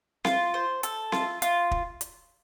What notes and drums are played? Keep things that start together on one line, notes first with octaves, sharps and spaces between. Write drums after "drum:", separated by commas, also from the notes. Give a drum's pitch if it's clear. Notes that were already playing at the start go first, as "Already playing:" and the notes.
F4, drum: snare C4
C5
A4, drum: hi-hat
F4, drum: snare C4
F4, drum: hi-hat
drum: kick
drum: hi-hat